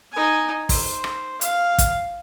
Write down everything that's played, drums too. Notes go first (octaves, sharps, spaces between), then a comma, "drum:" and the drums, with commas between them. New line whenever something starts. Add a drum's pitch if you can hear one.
D#4 G#5
C5, drum: kick, open hi-hat
drum: rim click
F5, drum: hi-hat
drum: kick, hi-hat